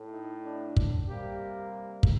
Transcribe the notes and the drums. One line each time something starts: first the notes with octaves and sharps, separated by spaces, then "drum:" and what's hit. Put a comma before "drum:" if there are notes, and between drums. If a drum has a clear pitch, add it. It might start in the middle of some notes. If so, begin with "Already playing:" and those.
Already playing: A2 A3
D#4
D4
drum: kick
C3 G3 A#3 G4
drum: kick